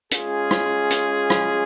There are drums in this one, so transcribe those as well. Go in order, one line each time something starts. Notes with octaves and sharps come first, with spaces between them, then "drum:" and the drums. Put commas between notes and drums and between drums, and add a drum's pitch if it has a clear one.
G#3 C#4 F4 G#4, drum: hi-hat
drum: rim click
drum: hi-hat
drum: rim click